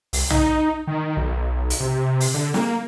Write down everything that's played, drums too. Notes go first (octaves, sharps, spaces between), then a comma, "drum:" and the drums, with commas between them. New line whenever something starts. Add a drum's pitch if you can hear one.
C2, drum: open hi-hat
D#4, drum: tom
D#3
B1
drum: hi-hat
C3
drum: open hi-hat
D3
A#3, drum: snare